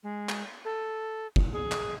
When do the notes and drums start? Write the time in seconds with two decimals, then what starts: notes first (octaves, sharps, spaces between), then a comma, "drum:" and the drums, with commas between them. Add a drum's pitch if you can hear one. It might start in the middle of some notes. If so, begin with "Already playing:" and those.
0.03 G#3
0.29 drum: clap
0.65 A4
1.36 drum: kick
1.53 G#4
1.72 drum: clap